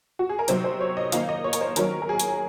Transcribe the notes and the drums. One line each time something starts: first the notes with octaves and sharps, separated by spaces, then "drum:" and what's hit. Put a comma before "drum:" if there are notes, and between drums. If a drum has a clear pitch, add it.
F#4
G#4
A#4
C3 F#3 C4 D#4 C5, drum: hi-hat
C5
C#5
D#5
D#3 A#3 D#4 F5, drum: hi-hat
D#5
C#5
A#4, drum: hi-hat
C5
D#3 F#3 C#4 A#4, drum: hi-hat
A#4
G#4
drum: hi-hat